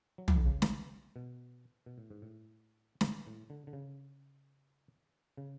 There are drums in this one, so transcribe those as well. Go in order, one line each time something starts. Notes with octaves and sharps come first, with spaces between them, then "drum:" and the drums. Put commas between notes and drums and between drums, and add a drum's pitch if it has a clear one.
F#3
E3, drum: tom
D3
C#3
drum: snare
B2
B2
A2
G#2
A2
drum: snare
A2
D3
D3
C#3
C#3